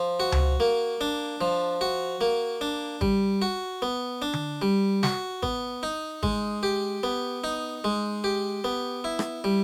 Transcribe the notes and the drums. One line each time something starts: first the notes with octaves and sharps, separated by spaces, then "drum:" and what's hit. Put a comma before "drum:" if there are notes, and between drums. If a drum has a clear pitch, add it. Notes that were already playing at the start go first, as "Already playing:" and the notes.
Already playing: F3
F#4
drum: tom C#2
A#3
D4
F3
F#4
A#3
D4
G3, drum: kick G#1
F#4
B3
D4
drum: tom D3
G3
F#4, drum: snare
B3, drum: kick G#1
D#4
G#3, drum: kick G#1
G4
B3
D#4
G#3
G4
B3
E4
drum: rim click
G3